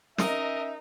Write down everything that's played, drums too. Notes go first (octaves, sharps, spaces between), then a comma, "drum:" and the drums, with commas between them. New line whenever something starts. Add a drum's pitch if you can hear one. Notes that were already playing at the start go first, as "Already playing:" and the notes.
C#4 D#4 A#4 D#5 E5, drum: snare